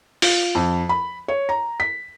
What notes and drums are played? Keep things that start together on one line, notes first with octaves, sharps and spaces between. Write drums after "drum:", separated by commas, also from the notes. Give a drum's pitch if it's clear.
F4, drum: open hi-hat
F2
B5
C#5
A#5
B6